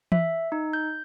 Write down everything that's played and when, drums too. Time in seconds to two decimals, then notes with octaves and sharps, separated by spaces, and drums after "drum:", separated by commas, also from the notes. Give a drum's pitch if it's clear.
0.12 E5, drum: tom E3
0.52 D#4
0.73 G6